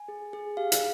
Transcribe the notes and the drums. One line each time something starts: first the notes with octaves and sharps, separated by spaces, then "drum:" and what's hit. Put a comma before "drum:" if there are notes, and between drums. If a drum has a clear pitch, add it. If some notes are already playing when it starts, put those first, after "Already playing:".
Already playing: G#5
G#4
G#4
G4 F5
drum: hi-hat